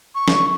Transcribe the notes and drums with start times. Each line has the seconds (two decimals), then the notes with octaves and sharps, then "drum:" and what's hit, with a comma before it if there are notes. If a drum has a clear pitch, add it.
0.15 C#6
0.28 drum: snare